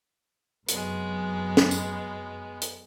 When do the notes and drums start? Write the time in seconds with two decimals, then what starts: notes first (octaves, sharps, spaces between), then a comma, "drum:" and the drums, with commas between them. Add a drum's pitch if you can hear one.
0.68 F1 F#2 F#3 G#3 B3, drum: hi-hat
1.57 drum: snare
1.71 drum: tambourine
2.61 drum: hi-hat